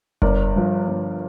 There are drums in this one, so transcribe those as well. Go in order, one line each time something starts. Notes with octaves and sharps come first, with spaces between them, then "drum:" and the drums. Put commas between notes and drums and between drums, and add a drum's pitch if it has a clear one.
G1 A#4 D5, drum: kick F1
G2 F3
G1